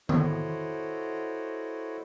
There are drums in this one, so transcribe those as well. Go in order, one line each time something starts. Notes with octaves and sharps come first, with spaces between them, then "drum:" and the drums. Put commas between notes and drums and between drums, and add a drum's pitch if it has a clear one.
E4 F#4 A4 C5 C#5 D#5, drum: tom D#3